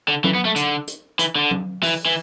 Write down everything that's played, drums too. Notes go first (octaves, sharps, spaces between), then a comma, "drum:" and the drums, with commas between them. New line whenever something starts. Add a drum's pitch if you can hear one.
D3
E3, drum: tom F#3
B3
A3
D3, drum: hi-hat
drum: hi-hat
E3, drum: hi-hat
D3
drum: tom F#3
E3, drum: open hi-hat
E3